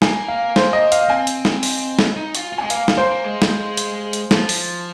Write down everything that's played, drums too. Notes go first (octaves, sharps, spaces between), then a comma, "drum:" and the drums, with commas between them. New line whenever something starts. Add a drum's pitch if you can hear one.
A#3 G#5, drum: snare
F5
C5, drum: snare
D#5
F5, drum: hi-hat
C4 G#5
drum: hi-hat
drum: snare
drum: open hi-hat
drum: snare
D#4
F4, drum: hi-hat
F4
G#3 G#5
A#3 F5, drum: hi-hat
drum: snare
A#3 C5
A#3
G#3
drum: snare
drum: hi-hat
drum: hi-hat
F3, drum: snare
drum: open hi-hat